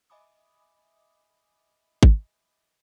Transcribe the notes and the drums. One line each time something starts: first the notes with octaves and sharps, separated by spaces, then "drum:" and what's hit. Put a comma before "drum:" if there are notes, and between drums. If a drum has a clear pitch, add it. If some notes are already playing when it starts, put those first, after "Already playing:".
D#5 E5 G#5 B5 D6 D#6
drum: kick G#1